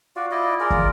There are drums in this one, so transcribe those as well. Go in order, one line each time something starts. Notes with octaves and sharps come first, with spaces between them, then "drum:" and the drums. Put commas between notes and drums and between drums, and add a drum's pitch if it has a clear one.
F4 F#4 D5
E4 D5 D#5
F4 G#4 A#4 D5
drum: kick